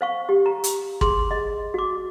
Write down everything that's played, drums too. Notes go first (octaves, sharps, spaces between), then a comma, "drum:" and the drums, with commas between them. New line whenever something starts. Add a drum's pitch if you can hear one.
C5 F5 C#6
G4
A#5
drum: hi-hat
G#4 C6, drum: kick
D#5
F#4 D6